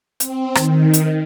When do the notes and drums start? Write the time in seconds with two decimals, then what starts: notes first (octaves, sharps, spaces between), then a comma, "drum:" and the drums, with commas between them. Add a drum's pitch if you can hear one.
0.20 C4, drum: hi-hat
0.55 D#3, drum: rim click
0.93 drum: hi-hat